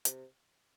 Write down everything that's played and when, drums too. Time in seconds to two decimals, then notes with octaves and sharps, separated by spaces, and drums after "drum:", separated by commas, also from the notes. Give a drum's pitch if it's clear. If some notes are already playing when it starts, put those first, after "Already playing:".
0.05 C3, drum: hi-hat